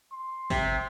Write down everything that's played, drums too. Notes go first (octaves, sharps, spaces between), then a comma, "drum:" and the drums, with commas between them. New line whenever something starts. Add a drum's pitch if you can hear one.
C6
C3, drum: kick, open hi-hat